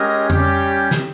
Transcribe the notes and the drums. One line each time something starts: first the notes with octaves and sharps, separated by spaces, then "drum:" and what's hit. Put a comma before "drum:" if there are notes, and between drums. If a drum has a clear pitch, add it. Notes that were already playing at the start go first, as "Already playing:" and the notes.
Already playing: G#3 C#4 G4 A#4 D#5
G3 C#4 G4, drum: tom F2
drum: snare